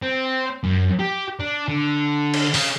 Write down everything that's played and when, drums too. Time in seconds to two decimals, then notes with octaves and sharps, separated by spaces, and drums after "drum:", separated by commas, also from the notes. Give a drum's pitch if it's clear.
0.02 C4
0.63 F#2
0.99 G4
1.40 D4
1.68 D3
2.34 drum: cymbal
2.54 C#3, drum: open hi-hat